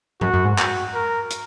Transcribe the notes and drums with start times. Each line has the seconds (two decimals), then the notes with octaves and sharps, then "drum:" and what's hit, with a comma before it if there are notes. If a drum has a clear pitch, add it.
0.21 F#2 F#4, drum: tom G#2
0.34 F#2
0.45 G#2
0.58 F#4, drum: clap
0.95 A#4
1.30 drum: hi-hat